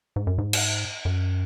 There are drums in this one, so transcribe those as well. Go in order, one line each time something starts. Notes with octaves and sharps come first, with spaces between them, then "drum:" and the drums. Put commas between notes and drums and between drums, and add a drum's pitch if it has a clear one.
G#2
F#2
G#2
drum: cymbal
F#2